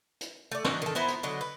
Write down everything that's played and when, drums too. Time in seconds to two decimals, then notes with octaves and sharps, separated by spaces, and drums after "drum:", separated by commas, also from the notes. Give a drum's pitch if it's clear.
0.21 drum: hi-hat
0.51 A3 D5
0.64 E3 D4 D#4 F#4, drum: snare
0.82 D#3 A4
0.95 B3 E4 C5 A#5
1.08 drum: hi-hat
1.23 D3 F#3 D#5
1.41 B4